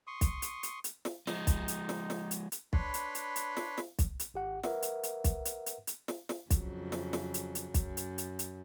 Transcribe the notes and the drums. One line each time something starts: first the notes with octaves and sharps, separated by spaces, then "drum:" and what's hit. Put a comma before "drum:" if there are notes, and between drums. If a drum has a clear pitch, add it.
C6 C#6 D#6
drum: kick, hi-hat
drum: hi-hat
drum: hi-hat
drum: hi-hat
drum: snare
F3 G#3 D#4, drum: snare
drum: kick, hi-hat
drum: hi-hat
drum: snare
drum: snare
drum: hi-hat
drum: hi-hat
D4 B4 C#5 B5 C6, drum: kick
drum: hi-hat
drum: hi-hat
drum: hi-hat
drum: snare
drum: snare
drum: kick, hi-hat
drum: hi-hat
G#1 G4 F#5
A#4 B4 E5 F#5, drum: snare
drum: hi-hat
drum: hi-hat
drum: kick, hi-hat
drum: hi-hat
drum: hi-hat
drum: hi-hat
drum: snare
drum: snare
F2 C#3 F#3, drum: kick, hi-hat
drum: snare
drum: snare
drum: hi-hat
drum: hi-hat
F#2, drum: kick, hi-hat
drum: hi-hat
drum: hi-hat
drum: hi-hat